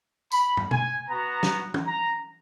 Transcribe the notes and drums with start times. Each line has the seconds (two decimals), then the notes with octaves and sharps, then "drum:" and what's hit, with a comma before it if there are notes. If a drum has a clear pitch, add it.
0.32 B5, drum: tambourine
0.57 drum: tom
0.71 G#5, drum: tom B2
1.09 B3 F#4 A#5
1.43 drum: snare
1.74 drum: tom
1.86 A#5